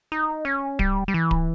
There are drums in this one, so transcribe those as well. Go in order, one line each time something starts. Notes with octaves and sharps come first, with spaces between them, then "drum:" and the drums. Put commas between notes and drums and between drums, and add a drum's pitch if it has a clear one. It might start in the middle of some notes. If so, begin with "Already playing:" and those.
D#4
C#4
G3, drum: kick D1
G3
E3
drum: kick D1